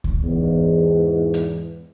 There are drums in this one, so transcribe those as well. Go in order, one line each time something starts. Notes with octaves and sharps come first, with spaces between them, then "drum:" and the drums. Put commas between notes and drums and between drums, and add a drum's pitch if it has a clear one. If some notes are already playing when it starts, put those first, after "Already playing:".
drum: kick C#2
E2 G#2
drum: hi-hat